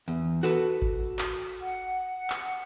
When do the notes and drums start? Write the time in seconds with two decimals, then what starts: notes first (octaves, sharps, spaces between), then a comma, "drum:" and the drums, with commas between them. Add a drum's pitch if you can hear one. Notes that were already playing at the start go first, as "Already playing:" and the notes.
0.08 E2
0.43 F#4 A4 B4
0.82 drum: kick G#1
1.19 drum: clap
1.62 F#5
2.30 drum: clap